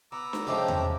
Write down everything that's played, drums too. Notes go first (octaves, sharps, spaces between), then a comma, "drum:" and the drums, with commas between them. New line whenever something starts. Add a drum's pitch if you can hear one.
B3 A#5 D6 E6
drum: snare D4
C3 F3 G#3 A3 C#4 G4
drum: tom E2